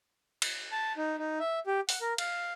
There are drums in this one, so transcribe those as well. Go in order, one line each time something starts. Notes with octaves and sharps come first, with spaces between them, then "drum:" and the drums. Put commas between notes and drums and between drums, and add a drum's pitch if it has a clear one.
drum: cymbal
A5
D#4
D#4
E5
G4
F#5, drum: open hi-hat
A#4
F5, drum: cymbal